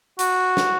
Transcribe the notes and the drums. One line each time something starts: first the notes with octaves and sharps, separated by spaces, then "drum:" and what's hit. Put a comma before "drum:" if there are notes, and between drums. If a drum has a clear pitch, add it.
F#4, drum: hi-hat
drum: snare